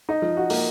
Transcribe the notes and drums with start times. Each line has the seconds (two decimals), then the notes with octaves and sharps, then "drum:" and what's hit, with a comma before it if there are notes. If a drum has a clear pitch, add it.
0.09 D#4
0.22 F3
0.37 F#4
0.50 A#3, drum: open hi-hat